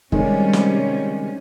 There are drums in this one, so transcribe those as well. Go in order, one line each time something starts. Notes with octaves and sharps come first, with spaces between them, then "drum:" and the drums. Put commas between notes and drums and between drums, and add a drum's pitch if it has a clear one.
C3 D#3 G3 G#3 C#4, drum: kick
drum: snare